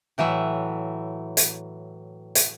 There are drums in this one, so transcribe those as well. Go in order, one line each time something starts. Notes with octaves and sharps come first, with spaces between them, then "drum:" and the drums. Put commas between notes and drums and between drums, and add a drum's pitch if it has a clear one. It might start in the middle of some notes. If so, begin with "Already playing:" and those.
A2 E3 F#3 E5
drum: hi-hat
drum: hi-hat